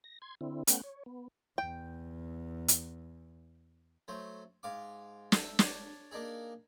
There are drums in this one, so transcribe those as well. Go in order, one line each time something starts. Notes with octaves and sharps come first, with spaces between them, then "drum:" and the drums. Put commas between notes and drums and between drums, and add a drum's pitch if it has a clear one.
A#6
C6 G#6
D3 C4 E4
A3 B3 C#4 F#5 G5, drum: hi-hat
C#5
B3
E2 G5
drum: hi-hat
F#3 A3 C5
G#2 F5 D6
A4 E5, drum: snare
D4 C#5 A5, drum: snare
A#3 D4 D#4 G#4